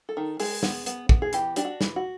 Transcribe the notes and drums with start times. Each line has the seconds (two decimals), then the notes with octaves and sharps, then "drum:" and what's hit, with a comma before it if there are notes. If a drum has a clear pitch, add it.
0.09 A4
0.17 D#3
0.40 G#3 G#4, drum: open hi-hat
0.63 B3, drum: snare
0.86 B3, drum: hi-hat
1.09 B3, drum: kick
1.22 G#4
1.33 E3 G4, drum: hi-hat
1.56 D4 G4, drum: hi-hat
1.65 F#4
1.81 E3, drum: snare
1.96 F#4